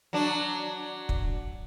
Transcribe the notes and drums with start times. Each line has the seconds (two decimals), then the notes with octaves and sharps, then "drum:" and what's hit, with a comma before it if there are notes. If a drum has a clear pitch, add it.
0.13 F#3 D4
1.09 drum: kick